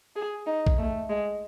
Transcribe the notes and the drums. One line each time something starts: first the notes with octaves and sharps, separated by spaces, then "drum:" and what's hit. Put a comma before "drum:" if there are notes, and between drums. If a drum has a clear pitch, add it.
G#4
D#4
drum: kick A#1
A3
G#3